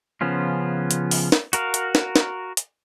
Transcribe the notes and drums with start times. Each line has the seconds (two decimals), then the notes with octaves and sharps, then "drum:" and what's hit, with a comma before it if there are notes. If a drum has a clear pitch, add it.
0.21 C#3 F3 B3 C#4 F4
0.91 drum: hi-hat
1.11 drum: open hi-hat
1.32 drum: snare
1.53 F#4 A#4 F5, drum: hi-hat
1.74 drum: hi-hat
1.95 drum: snare
2.16 drum: snare
2.57 drum: hi-hat